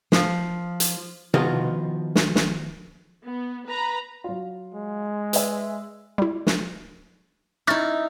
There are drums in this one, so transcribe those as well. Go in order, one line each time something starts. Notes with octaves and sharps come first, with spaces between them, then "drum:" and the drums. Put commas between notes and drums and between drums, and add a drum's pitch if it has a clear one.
F3, drum: snare
drum: hi-hat
D#3 F3 B3 F4 F#4 D#5, drum: tom C3
drum: snare
drum: snare
B3
B4 A#5 B5
F#3 F4
G#3
B4 E5, drum: hi-hat
G3 E4
drum: snare
D#4 E4 C#6 F6 A6